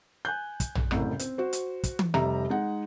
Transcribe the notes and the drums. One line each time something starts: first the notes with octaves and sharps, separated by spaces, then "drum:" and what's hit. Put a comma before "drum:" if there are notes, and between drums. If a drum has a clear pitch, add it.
G#5 F#6 G6
drum: kick, hi-hat
drum: tom A#1
F#1 C2 A2, drum: rim click
C4, drum: hi-hat
F#4 C5
drum: hi-hat
drum: kick, hi-hat
drum: tom E3
F1 C3 G3 E5 A#5, drum: rim click
G#3 D#4 F#5